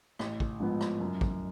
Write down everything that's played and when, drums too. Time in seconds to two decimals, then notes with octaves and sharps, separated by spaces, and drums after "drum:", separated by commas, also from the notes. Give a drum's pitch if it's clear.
0.19 A1, drum: rim click
0.40 drum: kick
0.60 G#2 F3 B3
0.81 drum: rim click
1.00 F#2
1.21 drum: kick